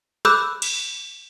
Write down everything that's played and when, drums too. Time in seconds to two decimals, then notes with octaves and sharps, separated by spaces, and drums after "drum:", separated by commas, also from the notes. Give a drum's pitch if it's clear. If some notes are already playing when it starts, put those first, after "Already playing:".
0.25 B5 D6 E6 F#6 G6 E7, drum: rim click
0.62 drum: cymbal